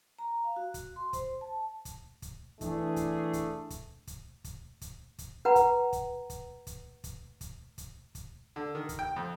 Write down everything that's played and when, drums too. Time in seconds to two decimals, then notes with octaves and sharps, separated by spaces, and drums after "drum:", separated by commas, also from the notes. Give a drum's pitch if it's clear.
0.19 A#5
0.44 F5
0.56 F#4
0.74 drum: kick, hi-hat
0.96 C6
1.13 C5, drum: kick, hi-hat
1.41 A5
1.85 drum: kick, hi-hat
2.22 drum: kick, hi-hat
2.61 E3 A3 D4 G#4, drum: kick, hi-hat
2.96 drum: kick, hi-hat
3.33 drum: kick, hi-hat
3.70 drum: kick, hi-hat
4.07 drum: kick, hi-hat
4.44 drum: kick, hi-hat
4.81 drum: kick, hi-hat
5.18 drum: kick, hi-hat
5.45 B4 F#5 A#5
5.56 drum: kick, hi-hat
5.93 drum: kick, hi-hat
6.30 drum: kick, hi-hat
6.67 drum: kick, hi-hat
7.04 drum: kick, hi-hat
7.41 drum: kick, hi-hat
7.78 drum: kick, hi-hat
8.15 drum: kick, hi-hat
8.56 D3
8.75 D#3
8.89 drum: kick, hi-hat
8.99 G5
9.16 F2